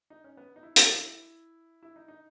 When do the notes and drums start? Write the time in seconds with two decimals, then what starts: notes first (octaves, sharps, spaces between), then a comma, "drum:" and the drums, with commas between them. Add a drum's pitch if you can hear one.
0.10 D#4
0.24 C#4
0.37 B3
0.56 D#4
0.63 E4
0.76 E4, drum: hi-hat
1.83 E4
1.96 D#4
2.08 D#4